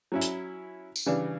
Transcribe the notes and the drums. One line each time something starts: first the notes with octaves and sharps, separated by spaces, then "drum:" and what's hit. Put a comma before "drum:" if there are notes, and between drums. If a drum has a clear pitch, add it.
F#3 C#4 E4
drum: hi-hat
drum: tambourine
C#3 E3 G3 D4